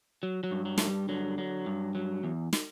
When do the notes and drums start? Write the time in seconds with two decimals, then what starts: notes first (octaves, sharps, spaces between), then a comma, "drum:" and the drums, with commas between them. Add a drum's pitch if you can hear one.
0.23 F#3
0.43 F#3
0.51 G2
0.65 F#3
0.78 G2 A3, drum: snare
0.87 G3
1.09 D3 F#3
1.38 F#3
1.66 G2
1.95 F#3
2.24 E2
2.53 drum: snare